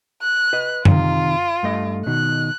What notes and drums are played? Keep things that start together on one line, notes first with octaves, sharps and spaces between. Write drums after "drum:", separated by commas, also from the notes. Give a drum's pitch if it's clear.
F#6
B4 D#5
C3 D#3 F4, drum: tom F#2
G2 A3 D#5
B2 D#3 F#6